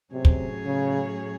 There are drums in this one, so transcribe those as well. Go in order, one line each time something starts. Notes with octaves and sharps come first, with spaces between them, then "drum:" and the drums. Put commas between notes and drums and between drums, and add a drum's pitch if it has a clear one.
A2 C3 F#3 C#4 G#4 C#5
drum: kick
C#3